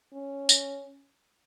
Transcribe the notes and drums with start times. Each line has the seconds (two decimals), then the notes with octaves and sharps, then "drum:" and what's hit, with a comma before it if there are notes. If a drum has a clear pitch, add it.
0.14 C#4
0.49 drum: tambourine